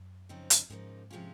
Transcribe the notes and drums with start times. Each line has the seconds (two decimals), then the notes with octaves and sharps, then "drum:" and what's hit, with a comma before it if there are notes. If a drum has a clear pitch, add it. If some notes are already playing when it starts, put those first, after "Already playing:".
Already playing: F#2
0.29 C#3 F3 C4 D#4
0.50 drum: hi-hat
0.70 G#2 C#3 F3 A#3 D#4
1.10 C3 F3 G#3 C#4 F4